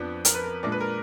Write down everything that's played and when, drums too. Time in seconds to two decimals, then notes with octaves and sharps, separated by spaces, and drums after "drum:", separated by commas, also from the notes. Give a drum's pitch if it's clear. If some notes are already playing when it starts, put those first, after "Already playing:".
Already playing: F2 F3 B3 D4
0.25 A#4, drum: hi-hat
0.34 B4
0.44 A#4
0.63 A#2 G#3 D4 D5
0.72 B4
0.81 A#4